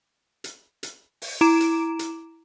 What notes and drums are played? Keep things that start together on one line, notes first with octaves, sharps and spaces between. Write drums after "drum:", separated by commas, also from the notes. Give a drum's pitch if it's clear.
drum: hi-hat
drum: hi-hat
drum: open hi-hat
E4 A#5 D6 D7 E7
drum: hi-hat
drum: hi-hat